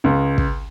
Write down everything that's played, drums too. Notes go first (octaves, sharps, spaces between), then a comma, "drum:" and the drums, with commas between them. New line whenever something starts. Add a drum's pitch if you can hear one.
C#2
drum: kick